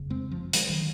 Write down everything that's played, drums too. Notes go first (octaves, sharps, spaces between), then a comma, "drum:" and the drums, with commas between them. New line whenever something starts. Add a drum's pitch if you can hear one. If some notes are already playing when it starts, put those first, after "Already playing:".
Already playing: F#1 F2 C#3
G#3 C4
F3
F3 G#3, drum: hi-hat
D#3 F#3